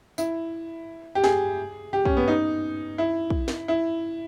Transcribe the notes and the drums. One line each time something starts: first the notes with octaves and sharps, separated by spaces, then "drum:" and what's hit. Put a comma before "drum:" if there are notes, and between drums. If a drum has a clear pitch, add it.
E4, drum: tambourine
G4
G#4, drum: snare
G4
C#4, drum: kick
B3
D#4
E4
drum: kick
drum: snare
E4